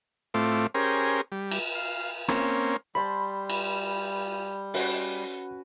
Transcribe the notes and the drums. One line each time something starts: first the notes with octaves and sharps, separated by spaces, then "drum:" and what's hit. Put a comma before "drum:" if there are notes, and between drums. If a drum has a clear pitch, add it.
A2 A3 C4 F4 D6
C#4 G4 G#4 A#4 C5
G3
drum: cymbal
F5
A#3 C4 C#4, drum: rim click
G3 C5 A5 B5
drum: cymbal
C#4 F#4 B4, drum: open hi-hat